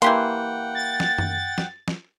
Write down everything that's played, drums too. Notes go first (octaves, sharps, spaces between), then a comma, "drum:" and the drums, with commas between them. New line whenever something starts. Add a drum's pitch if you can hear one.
E3 A#3 G4 F#5 G5 C6, drum: hi-hat
A6
drum: snare
drum: tom F#2
drum: snare
drum: snare